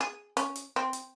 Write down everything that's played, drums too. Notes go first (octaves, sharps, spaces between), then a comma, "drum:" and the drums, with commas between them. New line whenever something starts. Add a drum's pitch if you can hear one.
G#4
C#4, drum: hi-hat
drum: hi-hat
C4
drum: hi-hat